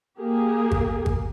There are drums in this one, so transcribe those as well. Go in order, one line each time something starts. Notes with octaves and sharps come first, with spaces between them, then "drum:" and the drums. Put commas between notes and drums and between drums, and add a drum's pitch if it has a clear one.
A#3 G4 G#4
drum: kick G#1
drum: kick G#1